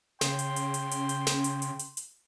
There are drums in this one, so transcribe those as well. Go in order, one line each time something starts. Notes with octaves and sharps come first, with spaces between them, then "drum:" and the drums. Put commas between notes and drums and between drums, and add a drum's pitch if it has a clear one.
C#3 G5 C6, drum: snare
drum: hi-hat
drum: hi-hat
drum: hi-hat
drum: hi-hat
drum: hi-hat
drum: snare
drum: hi-hat
drum: hi-hat
drum: hi-hat
drum: hi-hat